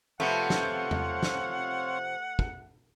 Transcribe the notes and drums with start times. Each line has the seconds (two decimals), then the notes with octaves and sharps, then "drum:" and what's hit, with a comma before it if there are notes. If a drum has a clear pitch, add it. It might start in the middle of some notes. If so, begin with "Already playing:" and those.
0.20 C3 F3 A3 B3 C4 F4 C#5 F#5
0.50 drum: snare
0.91 drum: tom E2
1.23 drum: snare
2.39 drum: kick